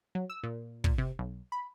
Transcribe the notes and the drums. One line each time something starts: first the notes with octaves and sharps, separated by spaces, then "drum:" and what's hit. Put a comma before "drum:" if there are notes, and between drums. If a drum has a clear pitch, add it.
F#3
E6
A#2
A#2, drum: kick
C3
B1
B5